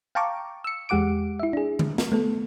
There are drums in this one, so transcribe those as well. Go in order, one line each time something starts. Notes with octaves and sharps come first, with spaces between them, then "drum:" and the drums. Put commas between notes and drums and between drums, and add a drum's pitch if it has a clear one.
F5 G5 A5 A#5 C#6 D6
E6 C#7
E2 G#3 G4 F#5 D6 D7
E4 E5
D4 G#4
drum: tom D3
drum: snare
A3 B3 A4